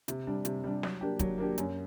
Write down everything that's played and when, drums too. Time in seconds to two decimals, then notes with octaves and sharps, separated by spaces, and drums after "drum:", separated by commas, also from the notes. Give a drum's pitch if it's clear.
0.08 C3, drum: hi-hat
0.27 G3 D4
0.45 C3, drum: hi-hat
0.64 G3 D4
0.83 F#3, drum: snare
1.01 A#3 D4 G4
1.19 F#3, drum: kick, hi-hat
1.38 A#3 D4 G4
1.58 F#2, drum: hi-hat